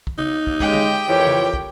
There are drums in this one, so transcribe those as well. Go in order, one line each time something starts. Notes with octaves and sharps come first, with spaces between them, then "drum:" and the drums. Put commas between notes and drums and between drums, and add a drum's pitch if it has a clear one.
drum: kick
D#4, drum: tom C#3
drum: kick
C#3 G#3 G4 D#5 G5, drum: kick
drum: tom D3
F2 E3 G4 A#4 C#5
drum: tom C#3
drum: kick